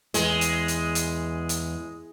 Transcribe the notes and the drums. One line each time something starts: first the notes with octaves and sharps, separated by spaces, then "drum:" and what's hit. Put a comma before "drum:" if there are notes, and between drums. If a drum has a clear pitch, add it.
E2 G#3, drum: hi-hat
drum: hi-hat
drum: hi-hat
drum: hi-hat
drum: hi-hat